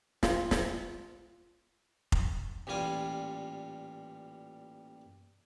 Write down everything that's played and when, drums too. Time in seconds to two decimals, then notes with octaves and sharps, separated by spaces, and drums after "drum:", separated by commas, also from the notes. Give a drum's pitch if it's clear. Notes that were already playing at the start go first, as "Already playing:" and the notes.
0.23 F4, drum: snare
0.51 drum: snare
2.12 drum: kick F1
2.67 A1 A#2 G3 F4 G#5